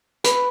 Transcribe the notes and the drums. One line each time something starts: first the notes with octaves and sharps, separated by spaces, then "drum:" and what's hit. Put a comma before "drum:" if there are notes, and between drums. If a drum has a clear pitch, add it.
B4, drum: hi-hat